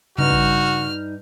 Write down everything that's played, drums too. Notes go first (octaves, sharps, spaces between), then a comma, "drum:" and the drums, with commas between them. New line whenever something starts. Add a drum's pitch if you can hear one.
G2 C#3 D#4 F#4 F6
drum: kick G#1